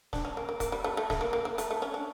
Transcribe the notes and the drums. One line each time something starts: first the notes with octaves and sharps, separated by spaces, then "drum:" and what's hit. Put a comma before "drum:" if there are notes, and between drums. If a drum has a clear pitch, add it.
D4, drum: snare
C#4
A#3
A#3
A#3, drum: kick, hi-hat
G3
A3
A3
A3, drum: snare
A#3
A#3
A#3
A3, drum: hi-hat
A3
C#4
D4